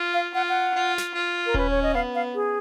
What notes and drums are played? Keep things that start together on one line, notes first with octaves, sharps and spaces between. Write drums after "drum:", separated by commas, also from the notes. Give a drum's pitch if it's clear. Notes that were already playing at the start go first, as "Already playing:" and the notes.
Already playing: F4
F5
F4 F#5
F#5
F4
drum: snare
F4
A#4
C#4 B4, drum: kick D#1
C#5
D#5
B3 F5
F5
G#4